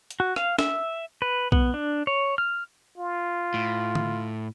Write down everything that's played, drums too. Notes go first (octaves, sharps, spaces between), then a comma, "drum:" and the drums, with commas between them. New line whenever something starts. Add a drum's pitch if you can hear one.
drum: hi-hat
F#4
F5, drum: rim click
E5, drum: snare D4
B4
B3, drum: kick B1
D4
C#5
F6
F4
A2
drum: tom D3